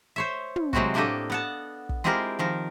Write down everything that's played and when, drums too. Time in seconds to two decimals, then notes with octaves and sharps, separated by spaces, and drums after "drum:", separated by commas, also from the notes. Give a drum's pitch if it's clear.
0.16 C5 C#5 E5
0.56 drum: tom
0.73 C3 F#3 G#3 C4 E4 F#4, drum: kick
0.94 A2 A#3 D4 G4 A4 D#5
1.30 B3 F#5 A5
1.89 drum: kick
2.04 G#3 C4 E4 F4 G4 A#4
2.39 D#3 F3 A#4